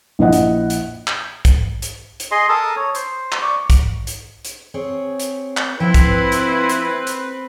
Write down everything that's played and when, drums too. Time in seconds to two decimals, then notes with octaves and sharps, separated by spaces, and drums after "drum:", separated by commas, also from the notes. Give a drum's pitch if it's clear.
0.19 A#1 F3 E4 D#5 F#5
0.33 drum: hi-hat
0.70 drum: hi-hat
1.07 drum: clap
1.45 drum: kick B1, hi-hat
1.82 drum: hi-hat
2.20 drum: hi-hat
2.31 G#4 D#5 C6
2.49 A4 A#4 A5 D#6
2.77 C#5
2.95 C5, drum: hi-hat
3.32 drum: clap
3.42 D5 C#6 D6
3.70 drum: kick B1, hi-hat
4.07 drum: hi-hat
4.45 drum: hi-hat
4.74 C4 G#4 C#5
5.20 drum: hi-hat
5.57 drum: clap
5.80 F3 C4 E4 B4 G5
5.94 drum: kick B1, hi-hat
6.32 drum: hi-hat
6.69 drum: hi-hat
7.07 drum: hi-hat